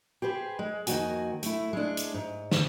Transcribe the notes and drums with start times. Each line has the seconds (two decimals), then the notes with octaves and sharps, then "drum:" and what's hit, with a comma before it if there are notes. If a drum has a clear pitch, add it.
0.22 G4 G#4 B4 C5
0.59 G#3
0.87 F2 D#3 A#3 F#4 G#5, drum: hi-hat
1.43 A3 E4, drum: hi-hat
1.73 G#3 D4
1.97 drum: hi-hat
2.14 G#2
2.52 drum: snare